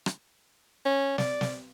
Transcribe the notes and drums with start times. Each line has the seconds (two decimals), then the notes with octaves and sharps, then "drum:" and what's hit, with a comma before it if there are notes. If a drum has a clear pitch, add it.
0.06 drum: rim click
0.86 C#4
1.18 D5, drum: snare
1.41 drum: snare